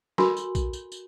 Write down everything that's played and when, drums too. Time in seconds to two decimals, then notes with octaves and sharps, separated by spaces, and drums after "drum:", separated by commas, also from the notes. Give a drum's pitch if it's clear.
0.18 F#4 A4 A#4 G#5 B5 C6, drum: snare
0.37 drum: tambourine
0.55 drum: kick, tambourine
0.73 drum: tambourine
0.92 drum: tambourine